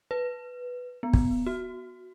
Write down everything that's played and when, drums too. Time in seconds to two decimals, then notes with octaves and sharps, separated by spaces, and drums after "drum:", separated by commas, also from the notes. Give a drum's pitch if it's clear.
0.11 B4
1.03 B3
1.13 drum: kick
1.47 F#4